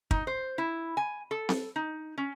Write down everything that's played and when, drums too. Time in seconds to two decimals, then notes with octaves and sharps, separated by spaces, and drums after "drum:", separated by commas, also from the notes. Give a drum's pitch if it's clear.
0.11 D#4, drum: kick
0.27 C5
0.58 E4
0.97 G#5
1.31 A4
1.49 drum: snare C4
1.76 D#4
2.18 C#4